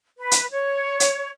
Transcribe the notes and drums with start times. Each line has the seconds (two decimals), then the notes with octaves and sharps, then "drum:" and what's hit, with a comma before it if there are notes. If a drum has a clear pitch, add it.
0.18 B4
0.31 drum: hi-hat
0.51 C#5
1.00 drum: hi-hat